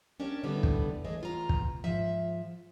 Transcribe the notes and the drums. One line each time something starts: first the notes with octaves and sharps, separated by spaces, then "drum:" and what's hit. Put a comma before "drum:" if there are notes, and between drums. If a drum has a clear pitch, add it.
C#4 D4 G4 A#4 C#5
A2 D3 G3 B3 E4
drum: kick
E3 G#3 A3 G#4 C#5 D#5
E2 F4 A#5
drum: kick
G#2 F3 E5